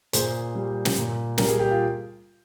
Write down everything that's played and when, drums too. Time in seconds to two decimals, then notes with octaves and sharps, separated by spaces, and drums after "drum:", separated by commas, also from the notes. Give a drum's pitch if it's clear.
0.13 A#2 G#4 C5, drum: hi-hat
0.55 G3
0.85 drum: snare
0.98 A#2
1.38 G3 A#4, drum: snare
1.48 G#4
1.59 G4
1.71 F4